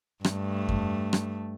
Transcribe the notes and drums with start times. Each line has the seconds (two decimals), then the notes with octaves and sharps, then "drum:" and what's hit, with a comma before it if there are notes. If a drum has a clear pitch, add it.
0.24 G2 A3, drum: rim click
0.69 drum: kick F2
1.13 drum: rim click